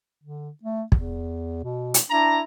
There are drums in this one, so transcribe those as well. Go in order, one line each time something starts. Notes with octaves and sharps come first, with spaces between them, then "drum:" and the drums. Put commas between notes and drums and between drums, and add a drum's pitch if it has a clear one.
D3
A3
E2, drum: kick
B2
drum: hi-hat
D4 E4 A#5